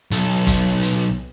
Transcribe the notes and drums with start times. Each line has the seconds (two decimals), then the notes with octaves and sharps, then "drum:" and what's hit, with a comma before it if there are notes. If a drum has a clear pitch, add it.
0.11 B1 A4, drum: hi-hat
0.47 drum: kick G1, hi-hat
0.83 drum: hi-hat